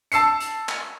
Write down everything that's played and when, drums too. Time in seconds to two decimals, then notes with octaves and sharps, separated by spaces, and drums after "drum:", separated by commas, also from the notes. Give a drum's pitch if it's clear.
0.12 A5 E6 C7 C#7, drum: hi-hat
0.40 drum: hi-hat
0.69 drum: clap